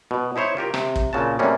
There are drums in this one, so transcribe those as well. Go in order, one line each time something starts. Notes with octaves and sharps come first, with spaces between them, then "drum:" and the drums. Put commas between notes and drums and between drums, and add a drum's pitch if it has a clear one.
B2
D#4 E4 C5 C#5
F4 G4 A#4
C3, drum: rim click
drum: kick
A#2 C#3 F#4 A5
A2 C3 F#3 G3 A#3 C#4